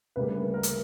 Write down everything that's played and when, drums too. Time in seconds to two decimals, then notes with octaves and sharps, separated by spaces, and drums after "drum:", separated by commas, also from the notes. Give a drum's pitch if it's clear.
0.16 D2 C#3 G3 A#3 B4
0.35 B4
0.54 A#4
0.63 drum: hi-hat